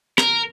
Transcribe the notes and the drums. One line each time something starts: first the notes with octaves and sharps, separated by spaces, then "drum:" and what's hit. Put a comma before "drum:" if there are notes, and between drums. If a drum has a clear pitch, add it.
A#4, drum: rim click